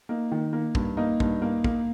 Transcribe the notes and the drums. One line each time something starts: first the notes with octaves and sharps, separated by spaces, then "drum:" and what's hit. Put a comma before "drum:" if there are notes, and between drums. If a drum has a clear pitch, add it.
A#3 D#4
D#3
A#3
G2, drum: kick
A#3 D#4
G2, drum: kick
A#3
A#3, drum: kick